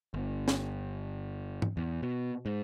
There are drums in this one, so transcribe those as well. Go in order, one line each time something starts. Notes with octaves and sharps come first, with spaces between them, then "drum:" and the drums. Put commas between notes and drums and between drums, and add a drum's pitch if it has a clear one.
G1
drum: snare
drum: tom G#2
E2
B2
G#2